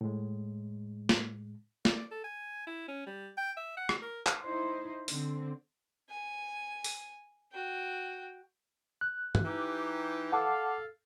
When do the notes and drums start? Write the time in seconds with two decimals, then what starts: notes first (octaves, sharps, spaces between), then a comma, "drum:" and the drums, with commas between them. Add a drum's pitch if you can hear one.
0.01 A2 G#3
1.09 drum: snare
1.85 D5, drum: snare
2.11 A4
2.24 G#5
2.67 E4
2.88 C#4
3.07 G3
3.38 G5
3.57 E5
3.77 F#5
3.89 drum: rim click
4.02 A#4
4.26 drum: clap
4.42 D#4 E4 C5
5.08 D3 C4, drum: open hi-hat
6.10 G#5
6.84 drum: open hi-hat
7.52 F#4 G5
9.01 F#6
9.35 drum: tom G2
9.45 E3 D#4 G4
10.32 A4 F5 F#5 A5 D6